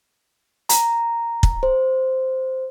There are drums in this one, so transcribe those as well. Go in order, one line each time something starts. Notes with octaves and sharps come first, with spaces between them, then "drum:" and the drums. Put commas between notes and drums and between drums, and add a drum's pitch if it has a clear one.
A#5, drum: hi-hat
drum: kick
C5